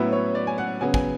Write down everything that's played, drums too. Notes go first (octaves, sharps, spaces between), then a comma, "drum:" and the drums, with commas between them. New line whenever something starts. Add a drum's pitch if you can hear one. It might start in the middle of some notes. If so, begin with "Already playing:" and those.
Already playing: A2 F#3 B3 E4 B4
C#5
D5
G#5
F#5
C#3 F#3 B3 G#5
G#5, drum: kick